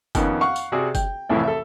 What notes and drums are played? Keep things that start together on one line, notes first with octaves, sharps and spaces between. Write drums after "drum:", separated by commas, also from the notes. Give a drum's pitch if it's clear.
F2 D#3 B3 C#4, drum: kick F#1, tambourine
F5 F#5 C#6
drum: tambourine
C3 F#4 G#4 D5
G5, drum: kick F#1, tambourine
C2 F2 A2 E3 A3
A4 E5